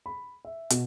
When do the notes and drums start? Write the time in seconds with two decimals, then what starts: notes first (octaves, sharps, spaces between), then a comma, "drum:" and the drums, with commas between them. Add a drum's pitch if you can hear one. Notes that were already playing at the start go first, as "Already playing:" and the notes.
0.06 B5
0.45 E5
0.70 B2, drum: hi-hat